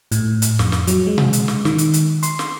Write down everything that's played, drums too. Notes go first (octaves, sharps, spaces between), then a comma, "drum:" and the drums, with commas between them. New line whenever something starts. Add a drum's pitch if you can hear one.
A2, drum: hi-hat
drum: hi-hat
F2, drum: snare
drum: snare
F#3, drum: hi-hat
G#3
drum: tom B2
drum: hi-hat
drum: snare
D#3, drum: snare
drum: hi-hat
drum: hi-hat
C6, drum: hi-hat
drum: snare